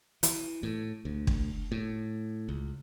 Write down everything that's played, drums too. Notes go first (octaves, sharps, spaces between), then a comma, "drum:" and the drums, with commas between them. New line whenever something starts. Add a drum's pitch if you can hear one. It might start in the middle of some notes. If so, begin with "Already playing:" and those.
E3, drum: hi-hat
A2
D2
drum: kick
A2
C#2